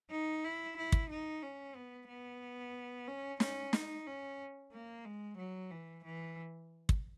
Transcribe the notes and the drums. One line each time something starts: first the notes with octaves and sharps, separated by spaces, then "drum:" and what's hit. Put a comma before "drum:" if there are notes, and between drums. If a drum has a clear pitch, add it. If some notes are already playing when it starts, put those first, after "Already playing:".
D#4
E4
E4
drum: kick
D#4
C#4
B3
B3
C#4
C#4, drum: snare
D#4, drum: snare
C#4
A#3
G#3
F#3
E3
E3
drum: kick